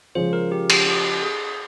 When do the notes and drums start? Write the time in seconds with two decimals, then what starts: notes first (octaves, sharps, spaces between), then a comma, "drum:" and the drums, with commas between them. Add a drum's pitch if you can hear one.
0.15 C#3 F3 G#3 C#4 C5
0.33 A#4
0.52 G4
0.70 G4, drum: cymbal
0.87 G4
1.23 G#4